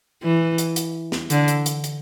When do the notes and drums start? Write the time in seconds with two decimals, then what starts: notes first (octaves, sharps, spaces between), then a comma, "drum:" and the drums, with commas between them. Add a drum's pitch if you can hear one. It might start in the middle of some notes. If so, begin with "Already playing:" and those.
0.23 E3
0.58 drum: hi-hat
0.76 drum: hi-hat
1.12 drum: snare
1.30 D3, drum: hi-hat
1.48 drum: hi-hat
1.66 drum: hi-hat
1.84 drum: hi-hat